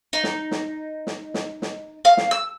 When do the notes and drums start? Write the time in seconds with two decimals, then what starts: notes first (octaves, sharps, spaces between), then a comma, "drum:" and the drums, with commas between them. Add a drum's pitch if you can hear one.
0.13 D#4
0.24 drum: snare
0.51 drum: snare
1.07 drum: snare
1.34 drum: snare
1.62 drum: snare
2.05 F5
2.17 drum: snare
2.31 E6